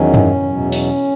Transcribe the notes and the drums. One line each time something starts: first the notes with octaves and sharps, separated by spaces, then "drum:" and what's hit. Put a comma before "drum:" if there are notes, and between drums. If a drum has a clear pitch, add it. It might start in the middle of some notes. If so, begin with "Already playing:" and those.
Already playing: E2 D#3 F#3 C#4
drum: tom F#2
E2 B2 F#3
C#4, drum: open hi-hat